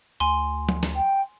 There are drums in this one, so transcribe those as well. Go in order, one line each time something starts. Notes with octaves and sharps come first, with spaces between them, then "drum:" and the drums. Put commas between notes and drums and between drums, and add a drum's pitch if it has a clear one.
D2 G#5 C6
drum: tom F3
drum: snare
G5